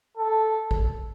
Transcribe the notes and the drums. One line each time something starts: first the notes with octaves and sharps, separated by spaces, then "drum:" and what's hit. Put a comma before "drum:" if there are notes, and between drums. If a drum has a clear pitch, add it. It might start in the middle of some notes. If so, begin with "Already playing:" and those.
A4
drum: kick A1